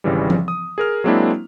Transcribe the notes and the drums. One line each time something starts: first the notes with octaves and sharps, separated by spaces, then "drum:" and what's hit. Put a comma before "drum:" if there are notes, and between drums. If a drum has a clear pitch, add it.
G#1 C#3 E3 G3
drum: tom F3
D#6
G#4 A#4 F6
F#3 G#3 A#3 C4 D4 E4